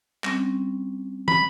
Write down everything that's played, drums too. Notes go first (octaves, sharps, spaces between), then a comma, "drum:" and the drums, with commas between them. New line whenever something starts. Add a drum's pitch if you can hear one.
G3 C4 C#4, drum: clap
B5, drum: tom